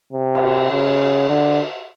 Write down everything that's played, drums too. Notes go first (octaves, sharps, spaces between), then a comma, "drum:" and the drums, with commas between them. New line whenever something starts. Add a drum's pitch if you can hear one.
C3
drum: cymbal
C#3
D3